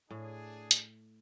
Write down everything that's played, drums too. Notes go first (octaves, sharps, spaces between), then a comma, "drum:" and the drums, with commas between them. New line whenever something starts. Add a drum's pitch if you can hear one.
A2 D4 G#4
drum: hi-hat